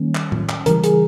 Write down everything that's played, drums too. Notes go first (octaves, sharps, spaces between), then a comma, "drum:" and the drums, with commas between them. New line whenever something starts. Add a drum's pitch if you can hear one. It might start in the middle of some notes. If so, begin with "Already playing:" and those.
Already playing: D#3 G3 A#3 C#4
drum: clap
drum: tom A2
drum: clap
C#3 E3 G3 A#4, drum: hi-hat
G#4, drum: hi-hat